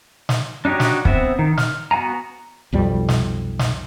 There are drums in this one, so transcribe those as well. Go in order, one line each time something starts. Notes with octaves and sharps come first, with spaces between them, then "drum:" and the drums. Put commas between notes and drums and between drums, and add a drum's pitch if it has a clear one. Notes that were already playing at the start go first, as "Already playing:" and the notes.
drum: snare
D4 D#4 F#4 G4 C#5
drum: snare
B3 C4 E5, drum: kick
D#3
F6, drum: snare
B3 F#4 F5 G#5 A#5
B1 F2 G3
drum: snare
drum: snare